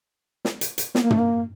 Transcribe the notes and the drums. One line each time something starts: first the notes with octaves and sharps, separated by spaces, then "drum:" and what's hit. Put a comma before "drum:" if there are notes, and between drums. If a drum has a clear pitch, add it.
drum: snare
drum: hi-hat
drum: hi-hat
B3, drum: snare
A#3
A3, drum: tom
A#3